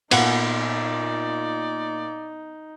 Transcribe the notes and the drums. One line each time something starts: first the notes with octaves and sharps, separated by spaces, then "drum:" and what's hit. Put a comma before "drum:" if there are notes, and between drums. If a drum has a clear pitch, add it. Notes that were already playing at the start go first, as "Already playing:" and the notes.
A#2 B3 D#4 D5 F5 F#5, drum: cymbal